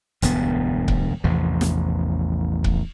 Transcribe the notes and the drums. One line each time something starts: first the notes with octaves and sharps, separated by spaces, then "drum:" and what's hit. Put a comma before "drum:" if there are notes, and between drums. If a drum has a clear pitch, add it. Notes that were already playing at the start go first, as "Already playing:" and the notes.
E1 D2 G2 B3, drum: hi-hat
drum: kick C#1
A1 E2 C3 F3
drum: snare
drum: kick C#1